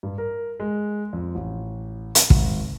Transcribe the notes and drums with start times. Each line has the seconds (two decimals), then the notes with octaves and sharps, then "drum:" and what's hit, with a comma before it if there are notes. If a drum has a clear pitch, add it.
0.03 G2
0.18 A#4
0.60 G#3
1.13 F2
1.35 A1
2.15 drum: hi-hat
2.30 G#1, drum: kick